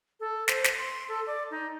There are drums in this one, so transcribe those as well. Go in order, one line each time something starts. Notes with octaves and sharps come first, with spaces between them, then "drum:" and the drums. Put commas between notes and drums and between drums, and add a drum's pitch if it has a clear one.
A4
C5, drum: snare
drum: snare
C6
A4
D5
D#4